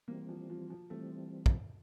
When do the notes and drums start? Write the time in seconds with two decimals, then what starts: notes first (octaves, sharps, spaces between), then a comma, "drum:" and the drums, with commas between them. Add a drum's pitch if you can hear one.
0.08 E3 G3 A#3 C4
0.29 F3
0.50 F3
0.70 F3
0.90 E3 G3 A3 C4
1.46 drum: kick